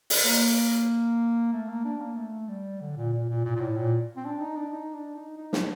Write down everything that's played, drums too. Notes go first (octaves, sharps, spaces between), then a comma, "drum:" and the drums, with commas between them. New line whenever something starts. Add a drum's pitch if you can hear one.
drum: open hi-hat
A#3
A3
A#3
D4
A#3
A3
G3
D3
A#2
A#2
A#2
A#2
A#2
A2
A#2
C4
D4
D#4
D4
D#4
D4
D#4
D#4
D4, drum: snare